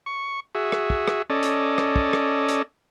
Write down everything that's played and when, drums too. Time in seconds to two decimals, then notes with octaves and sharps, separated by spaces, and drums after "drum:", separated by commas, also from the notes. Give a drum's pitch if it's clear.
0.06 C#6
0.55 F#4 G#4 E5
0.72 drum: rim click
0.90 drum: kick
1.08 drum: rim click
1.30 C#4 A4 D5 D#5
1.43 drum: hi-hat
1.78 drum: rim click
1.96 drum: kick
2.13 drum: rim click
2.48 drum: hi-hat